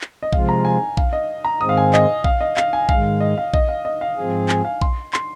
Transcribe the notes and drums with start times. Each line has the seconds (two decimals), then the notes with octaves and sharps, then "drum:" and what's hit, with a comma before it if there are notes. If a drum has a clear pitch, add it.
0.01 drum: clap
0.23 D#5
0.33 C3 F3 G#3 F4 F5, drum: kick A#1
0.49 A#5
0.65 G#5
0.97 F5, drum: kick A#1
1.13 D#5
1.44 A#5
1.61 G#2 D#3 G#3 C4 D#6
1.69 F5
1.77 G#5
1.94 D#5, drum: clap
2.24 F5, drum: kick A#1
2.41 D#5
2.57 F5, drum: clap
2.73 G#5
2.89 G#2 D#3 G#3 F5, drum: kick A#1
3.21 D#5
3.38 F5
3.54 D#5, drum: kick A#1
3.68 F5
3.85 D#5
4.01 F5
4.17 G#2 F3 C4 G#4
4.49 G#5, drum: clap
4.65 F5
4.81 C6, drum: kick A#1
5.13 C6, drum: clap